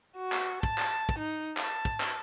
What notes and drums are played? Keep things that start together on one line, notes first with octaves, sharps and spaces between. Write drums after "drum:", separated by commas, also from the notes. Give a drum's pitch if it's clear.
F#4
drum: clap
A5, drum: kick
drum: clap
drum: kick
D#4
A5, drum: clap
drum: kick
drum: clap